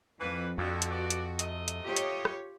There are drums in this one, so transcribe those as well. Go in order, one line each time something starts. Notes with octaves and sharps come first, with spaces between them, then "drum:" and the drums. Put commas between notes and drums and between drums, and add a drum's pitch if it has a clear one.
F2 E3 A#3 B4
F2 D3 F#4
drum: hi-hat
G4 B4 D5
drum: hi-hat
C3 A3 D#5, drum: hi-hat
drum: hi-hat
F4 G4 C#5
drum: hi-hat
drum: rim click